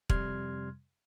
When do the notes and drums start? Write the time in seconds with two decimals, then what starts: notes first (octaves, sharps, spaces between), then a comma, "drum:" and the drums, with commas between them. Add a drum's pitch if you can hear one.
0.10 F2 C3 G3 C6 F6 G#6, drum: kick